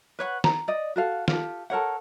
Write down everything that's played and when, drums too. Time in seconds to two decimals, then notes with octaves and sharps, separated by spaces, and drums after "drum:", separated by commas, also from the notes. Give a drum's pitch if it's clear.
0.19 B4 C#5 F#5
0.44 A#5, drum: snare
0.68 D5 D#5
0.96 F#4 A4 F5
1.28 F4 G4 A4, drum: snare
1.70 A4 A#4 C#5 F#5